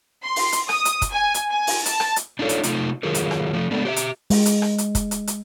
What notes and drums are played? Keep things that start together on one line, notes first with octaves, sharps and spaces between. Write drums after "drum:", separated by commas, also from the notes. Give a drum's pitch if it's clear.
C6
drum: open hi-hat
drum: hi-hat
D#6, drum: rim click
drum: hi-hat
drum: kick, hi-hat
G#5
drum: hi-hat
G#5
drum: open hi-hat
A5, drum: hi-hat
drum: rim click
drum: hi-hat
D4 D#4 F4 A4 B4 C#5
drum: hi-hat
C3 A3 D#4 F4, drum: hi-hat
D#3 F#3 F4 G#4 A#4
drum: hi-hat
drum: rim click
F3 A3
G#3 A3 B3 D4
G4 C5 E5
drum: hi-hat
G#3, drum: open hi-hat
drum: hi-hat
drum: rim click
drum: hi-hat
drum: kick, hi-hat
drum: hi-hat
drum: hi-hat